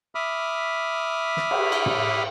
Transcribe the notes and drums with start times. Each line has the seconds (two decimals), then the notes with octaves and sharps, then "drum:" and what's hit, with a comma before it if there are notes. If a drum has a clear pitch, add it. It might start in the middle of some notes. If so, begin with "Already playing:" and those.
0.15 E5 B5 D6 D#6 F6
1.37 drum: snare
1.51 drum: cymbal
1.72 drum: cymbal
1.86 drum: tom